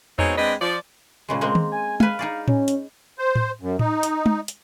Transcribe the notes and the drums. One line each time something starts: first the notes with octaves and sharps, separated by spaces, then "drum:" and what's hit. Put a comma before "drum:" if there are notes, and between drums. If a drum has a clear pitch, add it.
B2 G#3 B3 C4 D#4 C#5, drum: tom E2
G#3 C4 D4 B4 D#5
F3 D5
A#2 C#3 G#3
G#3 A#3 C4
drum: tom D#3
G#5
B4 F5 G#5, drum: tom
D#4 G#4 D5
C#4, drum: tom A2
drum: hi-hat
C5
drum: tom A2
F#2
D#4, drum: tom A2
drum: hi-hat
drum: tom
drum: hi-hat